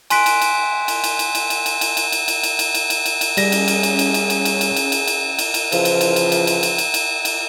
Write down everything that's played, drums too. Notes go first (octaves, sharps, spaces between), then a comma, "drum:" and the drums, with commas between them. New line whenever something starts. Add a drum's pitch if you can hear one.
G#5 C6 F#6 B6 D7, drum: cymbal
drum: cymbal
drum: cymbal
drum: cymbal
drum: cymbal
drum: cymbal
drum: cymbal
drum: cymbal
drum: cymbal
drum: cymbal
drum: cymbal
drum: cymbal
drum: cymbal
drum: cymbal
drum: cymbal
drum: cymbal
drum: cymbal
drum: cymbal
drum: cymbal
G3 C#4 G#4 A#6, drum: cymbal
drum: cymbal
drum: cymbal
drum: cymbal
drum: cymbal
drum: cymbal
drum: cymbal
drum: cymbal
drum: cymbal
drum: cymbal
drum: cymbal
drum: cymbal
drum: cymbal
drum: cymbal
C#3 E3 F3, drum: cymbal
drum: cymbal
drum: cymbal
drum: cymbal
drum: cymbal
drum: cymbal
drum: cymbal
drum: cymbal
drum: cymbal
drum: cymbal